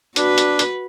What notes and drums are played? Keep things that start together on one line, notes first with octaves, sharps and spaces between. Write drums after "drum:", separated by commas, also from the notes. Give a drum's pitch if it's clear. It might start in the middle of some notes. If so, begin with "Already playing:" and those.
D4 F#4 B4, drum: hi-hat
drum: hi-hat
drum: hi-hat